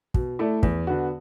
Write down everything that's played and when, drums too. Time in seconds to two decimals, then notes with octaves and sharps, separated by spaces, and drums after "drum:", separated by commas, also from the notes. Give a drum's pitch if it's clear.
0.14 B2, drum: kick
0.39 A3 E4 A4 D5
0.63 E2, drum: kick
0.87 D3 B3 F#4